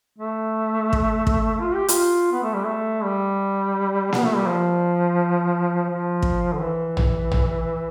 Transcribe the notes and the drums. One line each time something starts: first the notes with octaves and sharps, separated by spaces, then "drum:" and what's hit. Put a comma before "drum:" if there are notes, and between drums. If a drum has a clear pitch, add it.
A3
drum: kick
drum: kick
F4
G4
F4, drum: hi-hat
B3
A3
G3
A3
G3
B3, drum: snare A#3
A3
G3
F3
F3
drum: kick
D3
E3
drum: tom A#1
drum: tom A#1